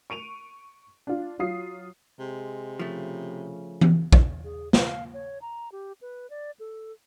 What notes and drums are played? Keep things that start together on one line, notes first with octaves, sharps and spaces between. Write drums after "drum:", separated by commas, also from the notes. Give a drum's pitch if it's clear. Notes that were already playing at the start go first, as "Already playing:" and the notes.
C#6 D7 D#7 F7
D4 F4
F#3 F4 D#6 C7
C3 G#3
C#3 F3 A3
drum: tom E3
drum: kick
G#4
F5, drum: snare
C#5
A#5
G4
B4
D5
A4